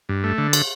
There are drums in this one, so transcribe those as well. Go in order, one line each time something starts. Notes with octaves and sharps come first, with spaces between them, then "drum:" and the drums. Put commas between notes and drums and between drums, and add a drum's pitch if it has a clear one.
G2
A3
D3
drum: cymbal